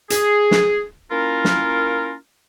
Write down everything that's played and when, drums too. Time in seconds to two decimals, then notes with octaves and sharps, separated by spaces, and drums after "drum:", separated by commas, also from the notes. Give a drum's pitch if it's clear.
0.10 G#4, drum: hi-hat
0.51 drum: snare
1.11 A#3 C#4 E4 F4 A#4
1.45 drum: snare